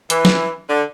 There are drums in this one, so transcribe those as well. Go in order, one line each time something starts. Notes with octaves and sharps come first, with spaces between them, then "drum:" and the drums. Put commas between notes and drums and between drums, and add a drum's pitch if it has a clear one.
E3, drum: hi-hat
drum: snare
D3